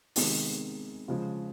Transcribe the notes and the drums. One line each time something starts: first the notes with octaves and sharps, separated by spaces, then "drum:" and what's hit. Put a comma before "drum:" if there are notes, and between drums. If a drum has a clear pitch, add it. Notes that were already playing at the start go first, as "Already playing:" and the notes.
C3 D#3 G#3 B3 D#4, drum: open hi-hat
C#3 F3 G#3